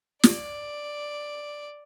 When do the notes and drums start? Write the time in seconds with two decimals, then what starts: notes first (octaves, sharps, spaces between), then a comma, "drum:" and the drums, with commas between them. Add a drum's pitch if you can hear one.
0.23 D5, drum: snare